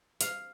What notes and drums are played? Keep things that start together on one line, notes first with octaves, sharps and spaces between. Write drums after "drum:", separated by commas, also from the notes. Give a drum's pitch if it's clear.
F5, drum: hi-hat